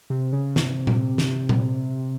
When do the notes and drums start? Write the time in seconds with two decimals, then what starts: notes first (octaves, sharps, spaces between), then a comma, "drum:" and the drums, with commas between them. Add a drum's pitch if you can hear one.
0.10 C3
0.33 C#3
0.56 C3, drum: snare
0.87 drum: tom A#2
1.18 drum: snare
1.49 drum: tom A#2